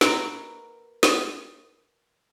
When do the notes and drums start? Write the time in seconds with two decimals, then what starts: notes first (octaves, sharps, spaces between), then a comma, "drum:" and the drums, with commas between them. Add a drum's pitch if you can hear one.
0.01 F#4 A#4 B4 D#5 F#5, drum: snare
1.03 drum: snare